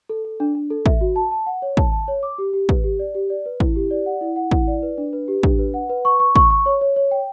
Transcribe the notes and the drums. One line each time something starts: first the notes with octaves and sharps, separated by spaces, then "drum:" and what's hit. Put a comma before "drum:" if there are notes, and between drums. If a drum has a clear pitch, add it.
A4
A4
D4
D4
A4
E5, drum: kick
F#4
A5
A5
F#5
C#5
A5, drum: kick
A5
C#5
D6
G4
G4
B4, drum: kick
G4
D5
G4
D5
B4
E4, drum: kick
G4
D5
F#5
E4
F#5
E4, drum: kick
D5
B4
D4
B4
G4
D4, drum: kick
B4
F#5
B4
C#6
C#6
C#6, drum: kick
C#6
C#5
C#5
C#5
G5